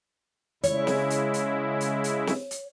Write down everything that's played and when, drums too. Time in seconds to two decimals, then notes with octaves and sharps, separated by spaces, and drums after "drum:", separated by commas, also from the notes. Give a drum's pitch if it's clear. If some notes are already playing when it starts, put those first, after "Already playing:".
0.64 C#3 G#3 E4 C#5, drum: hi-hat
0.87 drum: snare
1.10 drum: hi-hat
1.34 drum: hi-hat
1.81 drum: hi-hat
2.04 drum: hi-hat
2.27 drum: snare
2.51 drum: hi-hat